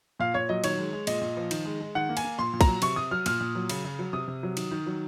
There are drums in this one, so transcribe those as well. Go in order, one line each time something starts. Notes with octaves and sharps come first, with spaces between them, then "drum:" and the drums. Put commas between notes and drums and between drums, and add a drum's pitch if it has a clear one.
A#2 F5
A#2 C#5
F#3 D#5
D#3 C#5, drum: cymbal
G#3
G#3
A#2 D#5, drum: cymbal
A#2
F3
D#3, drum: cymbal
G#3
G#3
D#3 F#5
A#3
G#5, drum: cymbal
A#3
A#2 C6
A#2
A#5, drum: kick, cymbal
F#3
C3 C#6, drum: cymbal
C3 D#6
F#3 F6
A#2 F6, drum: cymbal
A#2
F#3
C#3, drum: cymbal
C#3
F#3
C3 D#6
C3
F#3
D#3, drum: cymbal
D#3
F#3